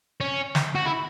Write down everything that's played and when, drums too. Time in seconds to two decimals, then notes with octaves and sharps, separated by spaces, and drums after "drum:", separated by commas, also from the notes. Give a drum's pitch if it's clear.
0.21 C#4
0.55 drum: snare
0.75 F#4
0.85 E4